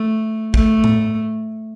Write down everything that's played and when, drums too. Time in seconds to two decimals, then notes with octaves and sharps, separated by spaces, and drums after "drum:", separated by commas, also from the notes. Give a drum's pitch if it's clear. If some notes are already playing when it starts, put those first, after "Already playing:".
Already playing: A3
0.54 A3, drum: kick
0.84 drum: tom A2